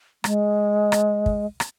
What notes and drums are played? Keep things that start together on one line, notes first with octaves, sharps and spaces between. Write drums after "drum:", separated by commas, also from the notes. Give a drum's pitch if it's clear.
G#3, drum: rim click
drum: rim click
drum: kick
drum: rim click